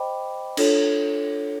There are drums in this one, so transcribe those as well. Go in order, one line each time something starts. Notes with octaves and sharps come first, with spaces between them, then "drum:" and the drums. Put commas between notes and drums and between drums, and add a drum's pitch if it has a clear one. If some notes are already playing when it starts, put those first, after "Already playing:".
Already playing: C5 D#5 G5 B5 D6
D4 F4 A4 C#5, drum: cymbal